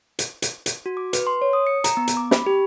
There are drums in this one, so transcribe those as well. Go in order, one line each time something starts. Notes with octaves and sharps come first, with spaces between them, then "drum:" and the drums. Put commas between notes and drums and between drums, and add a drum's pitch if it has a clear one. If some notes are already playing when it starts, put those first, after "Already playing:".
drum: hi-hat
drum: hi-hat
drum: hi-hat
F#4
D6
B4, drum: hi-hat
C6
C#5
D#6
C#7
A#5, drum: hi-hat
B3
drum: hi-hat
D6
B5, drum: snare
G4